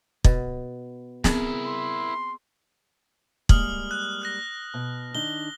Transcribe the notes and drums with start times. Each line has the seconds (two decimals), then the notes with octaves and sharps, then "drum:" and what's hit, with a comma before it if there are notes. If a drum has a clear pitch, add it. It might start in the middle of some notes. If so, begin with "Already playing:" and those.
0.24 B2, drum: kick
1.24 B3 C4 E4 G#4 A#4, drum: snare
1.64 C6
3.49 G3 G#3 A#3 D#6 F6 F#7, drum: kick
3.91 F#6
4.22 F6 F#6 A#6
4.74 B2
5.15 D#3 D4 D#4 G7